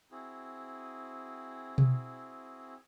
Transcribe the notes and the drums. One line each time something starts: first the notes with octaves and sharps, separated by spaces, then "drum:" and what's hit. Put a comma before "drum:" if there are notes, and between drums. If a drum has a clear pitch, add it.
C4 E4 F#4 G#4
drum: tom B2